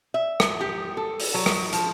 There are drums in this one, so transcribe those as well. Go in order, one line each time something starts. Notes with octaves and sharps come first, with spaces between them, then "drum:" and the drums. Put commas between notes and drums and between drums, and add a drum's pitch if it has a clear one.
E5
drum: rim click
G4
A4
drum: open hi-hat
F#3
drum: rim click
F3, drum: hi-hat